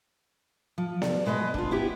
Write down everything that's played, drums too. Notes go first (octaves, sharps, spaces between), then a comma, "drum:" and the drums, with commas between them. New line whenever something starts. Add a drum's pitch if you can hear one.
F3
D5, drum: snare B3
B2 G#3 B4 C#5 D#5
D4 F4, drum: kick
B3 E4 G4